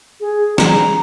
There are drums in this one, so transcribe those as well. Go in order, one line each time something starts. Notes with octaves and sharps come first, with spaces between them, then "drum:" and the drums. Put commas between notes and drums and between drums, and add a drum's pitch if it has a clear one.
G#4
A#5, drum: snare